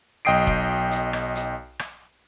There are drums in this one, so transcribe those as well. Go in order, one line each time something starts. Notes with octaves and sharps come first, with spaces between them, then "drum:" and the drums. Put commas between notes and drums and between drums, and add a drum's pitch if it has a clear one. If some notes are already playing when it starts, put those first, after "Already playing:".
B1 D#5 G5 D#6 C7 D7
drum: kick
drum: hi-hat
drum: rim click
drum: hi-hat
drum: rim click